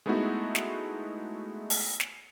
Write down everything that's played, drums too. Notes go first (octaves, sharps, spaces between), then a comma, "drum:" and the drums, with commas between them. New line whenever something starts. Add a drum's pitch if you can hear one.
G#3 A3 B3 D#4 E4 F#4
drum: snare
drum: open hi-hat
drum: snare